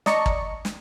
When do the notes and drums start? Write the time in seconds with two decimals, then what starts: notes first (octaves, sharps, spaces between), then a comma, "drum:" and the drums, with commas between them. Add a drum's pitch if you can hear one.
0.06 D5 D#5 A5 A#5 C#6 C#7, drum: snare
0.26 drum: kick
0.65 drum: snare